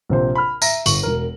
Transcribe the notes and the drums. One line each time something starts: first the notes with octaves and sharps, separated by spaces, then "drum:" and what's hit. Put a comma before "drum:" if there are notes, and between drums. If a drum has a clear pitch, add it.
A#1 C3 C5
B5 F6
E5 A#5 A#6, drum: tambourine
G1 C#6 F#7, drum: tambourine
E1 A#4